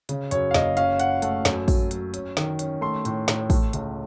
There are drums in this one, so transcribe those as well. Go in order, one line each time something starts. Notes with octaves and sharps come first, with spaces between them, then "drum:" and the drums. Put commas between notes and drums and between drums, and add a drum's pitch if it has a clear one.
C#3, drum: hi-hat
F#2 C#5, drum: hi-hat
F5
F#1 D#5, drum: snare
C#4 F5, drum: hi-hat
C#4 F#5, drum: hi-hat
A3 F#5, drum: hi-hat
F#2, drum: snare
F#3, drum: kick, open hi-hat
F#3, drum: hi-hat
C#4, drum: hi-hat
D#3, drum: snare
C#4, drum: hi-hat
A3 C6
A2, drum: hi-hat
A2, drum: snare
A3, drum: kick, open hi-hat
C#2, drum: hi-hat